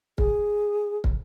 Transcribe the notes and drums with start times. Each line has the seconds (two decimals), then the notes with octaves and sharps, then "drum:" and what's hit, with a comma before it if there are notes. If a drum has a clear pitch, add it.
0.18 G#4, drum: kick
1.04 drum: kick